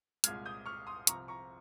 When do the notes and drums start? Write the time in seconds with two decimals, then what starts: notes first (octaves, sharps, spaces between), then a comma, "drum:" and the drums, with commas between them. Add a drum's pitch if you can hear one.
0.24 C2 A#2 G#3 F6 G#6, drum: hi-hat
0.46 D#6 G6
0.66 C#6 F6
0.87 C6 D#6
1.07 C2 C3 F3 C4 A#5 C#6, drum: hi-hat
1.28 A#5 C#6